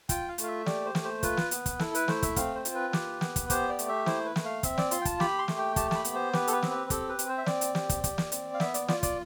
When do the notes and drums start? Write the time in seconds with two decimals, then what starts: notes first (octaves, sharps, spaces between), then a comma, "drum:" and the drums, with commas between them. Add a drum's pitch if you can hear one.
0.09 F4 G5, drum: kick, hi-hat
0.28 F5
0.38 A3, drum: hi-hat
0.43 F5
0.48 E5
0.66 G4 D5, drum: snare
0.85 C5
0.95 A3, drum: snare
1.04 C5
1.23 F4 B4, drum: kick, hi-hat
1.37 drum: snare
1.51 B3, drum: hi-hat
1.66 drum: kick, hi-hat
1.79 E4 A4, drum: snare
1.95 B4, drum: hi-hat
2.08 A3 C5, drum: snare
2.23 E5, drum: kick, hi-hat
2.36 C4 F5, drum: kick, hi-hat
2.55 C5
2.65 F4, drum: hi-hat
2.75 B4
2.93 G4, drum: snare
3.21 B3, drum: snare
3.36 drum: kick, hi-hat
3.50 G4 C5, drum: kick, hi-hat
3.69 D5
3.79 A3, drum: hi-hat
3.88 E5
4.06 E4 C5, drum: snare
4.25 B4
4.36 A3, drum: snare
4.45 F5
4.63 C4 E5, drum: kick, hi-hat
4.78 D5, drum: snare
4.91 F4 C6, drum: hi-hat
5.01 G5
5.05 A5, drum: kick, hi-hat
5.20 G4 B5, drum: snare
5.38 C6
5.48 A3, drum: snare
5.58 G5
5.76 G4 A5, drum: kick, hi-hat
5.91 A5, drum: snare
5.95 B5
6.05 B3, drum: hi-hat
6.15 C5
6.33 G4 B4, drum: snare
6.48 A4, drum: hi-hat
6.52 B4
6.62 C4, drum: snare
6.71 B4
6.90 G4 A4, drum: kick, hi-hat
7.09 B4
7.19 C4, drum: hi-hat
7.29 C5
7.38 E5
7.46 C4 D5, drum: snare
7.61 drum: hi-hat
7.75 G4, drum: snare
7.89 drum: kick, hi-hat
8.04 G4, drum: kick, hi-hat
8.18 drum: snare
8.32 C4, drum: hi-hat
8.54 F5
8.60 B3 E5, drum: snare
8.74 D5, drum: hi-hat
8.88 F4 D5, drum: snare
9.03 D5, drum: kick, hi-hat